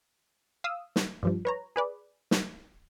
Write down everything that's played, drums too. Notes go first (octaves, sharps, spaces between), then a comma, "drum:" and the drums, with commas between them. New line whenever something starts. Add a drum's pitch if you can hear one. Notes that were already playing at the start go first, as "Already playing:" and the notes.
F5 D#6 E6
drum: snare
G2 F3 G3
B4 C#5 A#5
G#4 B4 D5
drum: snare